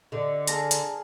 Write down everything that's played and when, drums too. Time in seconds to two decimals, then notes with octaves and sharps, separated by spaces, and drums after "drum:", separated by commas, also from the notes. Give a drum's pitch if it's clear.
0.12 D3 D#5
0.48 G#4 A5 A#5 C6 F6, drum: hi-hat
0.71 drum: hi-hat